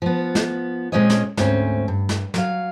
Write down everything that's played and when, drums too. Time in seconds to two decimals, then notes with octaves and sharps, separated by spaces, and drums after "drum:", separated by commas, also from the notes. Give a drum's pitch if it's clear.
0.02 F3 B3
0.35 drum: snare
0.92 A#2 G#3 C4 C#4 C#5 D#5
1.10 drum: snare
1.37 D2 G#2 C4 C#4, drum: snare
1.88 G2
2.09 drum: snare
2.34 F#3 F5, drum: snare